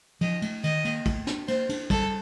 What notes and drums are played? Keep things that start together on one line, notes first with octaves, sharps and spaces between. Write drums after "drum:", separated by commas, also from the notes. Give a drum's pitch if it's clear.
F3 D#5, drum: cymbal
A3, drum: cymbal
D#3 D#5, drum: cymbal
A#3, drum: cymbal
A3, drum: kick, cymbal
D4, drum: snare
A#3 C5, drum: cymbal
D4, drum: cymbal
G3 A4, drum: kick, cymbal